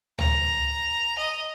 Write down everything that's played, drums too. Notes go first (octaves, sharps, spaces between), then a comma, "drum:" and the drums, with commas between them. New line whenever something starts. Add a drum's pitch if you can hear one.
A#5, drum: tom C#2
D#5